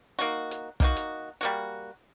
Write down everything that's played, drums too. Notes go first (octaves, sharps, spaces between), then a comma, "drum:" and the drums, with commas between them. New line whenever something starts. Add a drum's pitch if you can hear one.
A#3 D#4 F#4
drum: hi-hat
A#3 D#4 F#4, drum: kick
drum: hi-hat
G3 A#3 F#4